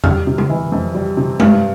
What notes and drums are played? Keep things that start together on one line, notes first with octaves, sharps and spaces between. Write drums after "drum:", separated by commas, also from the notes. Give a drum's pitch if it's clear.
G3 F6, drum: tom E2
C3
drum: tom C#3
E3
F2
G3
C3
G2 F6, drum: tom G#3